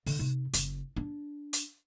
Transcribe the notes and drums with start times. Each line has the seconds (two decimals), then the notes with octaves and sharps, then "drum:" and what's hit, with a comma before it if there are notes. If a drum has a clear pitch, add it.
0.06 D3, drum: open hi-hat
0.19 C3 D#4
0.53 F#1, drum: hi-hat
0.96 D4
1.53 drum: hi-hat